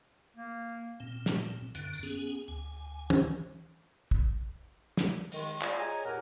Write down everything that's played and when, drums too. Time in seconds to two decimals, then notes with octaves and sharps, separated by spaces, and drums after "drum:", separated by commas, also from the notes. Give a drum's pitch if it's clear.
0.36 A#3
1.00 A#2 C4
1.26 drum: snare
1.75 F#2 D3, drum: hi-hat
1.93 drum: tambourine
2.03 B3 C#4 G#4
2.48 D2 G#5
3.10 drum: tom
4.11 drum: kick
4.97 drum: snare
5.32 D#3 G#3, drum: open hi-hat
5.62 F4 D5 G#5, drum: clap
5.77 G#4 C#5 D#5 G#5 A#5
6.04 E2 A#2 G4 A#4 C#5 F#5